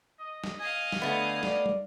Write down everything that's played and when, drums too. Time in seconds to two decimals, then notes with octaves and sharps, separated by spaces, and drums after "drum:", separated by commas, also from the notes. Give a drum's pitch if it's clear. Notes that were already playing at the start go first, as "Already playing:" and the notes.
0.19 D#5
0.44 drum: snare
0.59 D#5 F5 G#5
0.92 drum: snare
1.02 D3 A3 B3
1.43 D5, drum: snare
1.66 drum: tom